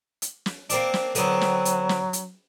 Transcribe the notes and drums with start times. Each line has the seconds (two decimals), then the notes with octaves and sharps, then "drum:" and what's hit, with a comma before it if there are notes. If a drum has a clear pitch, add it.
0.22 drum: hi-hat
0.46 drum: snare
0.70 A#3 C4 D4, drum: hi-hat
0.94 drum: snare
1.15 D3 F#3 B3 C4, drum: hi-hat
1.41 drum: snare
1.65 drum: hi-hat
1.89 drum: snare
2.13 drum: hi-hat